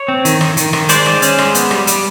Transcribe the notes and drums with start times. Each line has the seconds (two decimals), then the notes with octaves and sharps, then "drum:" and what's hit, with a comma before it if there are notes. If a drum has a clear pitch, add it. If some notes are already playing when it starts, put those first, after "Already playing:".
Already playing: C#5
0.08 C4
0.25 D#3, drum: hi-hat
0.41 D#3, drum: rim click
0.57 D#3, drum: hi-hat
0.73 D#3, drum: rim click
0.89 G#3 C5 D5, drum: hi-hat
1.06 G#3, drum: rim click
1.22 C#4, drum: hi-hat
1.38 G#3, drum: rim click
1.55 B3, drum: hi-hat
1.71 G3, drum: rim click
1.87 G3, drum: hi-hat